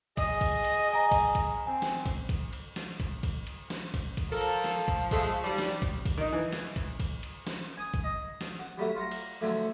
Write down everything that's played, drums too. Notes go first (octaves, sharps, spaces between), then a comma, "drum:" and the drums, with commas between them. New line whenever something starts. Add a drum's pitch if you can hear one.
G#4 D#5, drum: kick, cymbal
drum: kick, cymbal
drum: cymbal
G#5 A#5
drum: kick, cymbal
drum: kick, cymbal
C4 G#5
drum: snare
drum: kick, cymbal
drum: kick, cymbal
drum: cymbal
drum: snare
drum: kick, cymbal
drum: kick, cymbal
drum: cymbal
drum: snare
drum: kick, cymbal
drum: kick, cymbal
F3 A4 A#4
drum: cymbal
drum: snare
drum: kick, cymbal
G#3 A3, drum: kick, cymbal
D#3 F#3 G3
drum: snare
drum: kick, cymbal
drum: kick, cymbal
D#3 D#4
E3
drum: snare
drum: kick, cymbal
drum: kick, cymbal
drum: cymbal
drum: snare
G#5 D#6
drum: kick
D#5
drum: snare
F#4
F#3 G3 A3 F#4
F4 F#5 A#5
drum: cymbal
D3 F3 F#3 A3